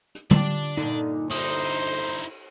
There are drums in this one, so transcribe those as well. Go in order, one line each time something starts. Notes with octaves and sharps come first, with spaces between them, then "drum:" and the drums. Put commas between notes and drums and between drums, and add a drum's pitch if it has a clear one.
drum: hi-hat
F4 G4 D5 A5, drum: tom
G2 A#2 D3 D#4
D#4 E4 C5 D#6, drum: cymbal